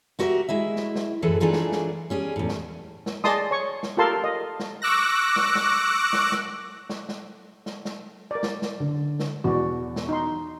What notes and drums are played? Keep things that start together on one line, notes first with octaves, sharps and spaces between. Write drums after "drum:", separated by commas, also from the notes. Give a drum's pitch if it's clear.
E4 F#4 G4 A#4 E5, drum: snare
G#3 E4 E5
drum: snare
drum: snare
F#2 A2 E3 G#4 A4 B4
E3 D4 D#4 F4 G#4 A4
drum: snare
drum: snare
G3 C#4 G#4
E2 A2
drum: snare
drum: snare
G#4 D5 D#5 A5 C6 D#6, drum: snare
C#5 C#6
drum: snare
F4 G4 A4 A#4 A5 C6
D#5
drum: snare
C#6 D6 E6 F#6 A#6
drum: snare
drum: snare
drum: snare
drum: snare
drum: snare
drum: snare
drum: snare
drum: snare
A#4 D5
drum: snare
drum: snare
D3
drum: snare
E2 B2 F#4 D5
drum: snare
D#4 C6